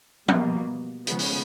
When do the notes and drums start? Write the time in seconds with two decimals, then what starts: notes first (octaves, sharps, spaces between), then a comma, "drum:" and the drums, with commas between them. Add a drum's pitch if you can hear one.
0.28 B2 G3 A#3, drum: tom F3
1.07 C#3 F3 G#3 B3, drum: hi-hat
1.19 drum: open hi-hat